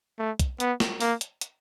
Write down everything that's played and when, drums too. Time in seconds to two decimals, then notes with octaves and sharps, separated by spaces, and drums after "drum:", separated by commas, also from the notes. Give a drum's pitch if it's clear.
0.19 A3
0.39 drum: kick, hi-hat
0.60 B3, drum: hi-hat
0.80 drum: snare
1.00 A#3, drum: open hi-hat
1.21 drum: hi-hat
1.41 drum: hi-hat